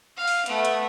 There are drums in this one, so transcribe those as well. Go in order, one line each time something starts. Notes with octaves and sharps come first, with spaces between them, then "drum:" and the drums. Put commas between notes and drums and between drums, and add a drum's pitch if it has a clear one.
F5
drum: open hi-hat
A3 B3, drum: hi-hat
drum: hi-hat